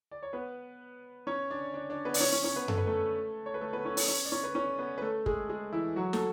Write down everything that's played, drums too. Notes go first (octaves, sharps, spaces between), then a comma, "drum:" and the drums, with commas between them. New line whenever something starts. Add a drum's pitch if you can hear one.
D5
C#5
B3 B4
C#4 C#5
D4 D5
D4 D5
D4 D5
B3 B4
D5, drum: open hi-hat
C#4 C#5
C#4 C#5
C#4 C#5
B3 B4
A4, drum: tom F#2
B4
A3 A4
C#5
B4
A3 A4
B3 B4
C#4 C#5
C#4 C#5, drum: open hi-hat
C#4 C#5
D5
C#4 C#5
B4
C#4 C#5
B3 B4
B4
A3 A4
G#3 G#4, drum: kick
G#3 G#4
E3 E4
F#3 F#4
A4, drum: snare